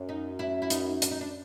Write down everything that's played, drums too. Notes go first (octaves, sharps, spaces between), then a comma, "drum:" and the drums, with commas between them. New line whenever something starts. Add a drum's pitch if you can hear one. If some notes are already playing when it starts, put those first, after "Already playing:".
Already playing: F#2
D#4
E4
E4
D#4, drum: hi-hat
D4, drum: hi-hat
D#4
D4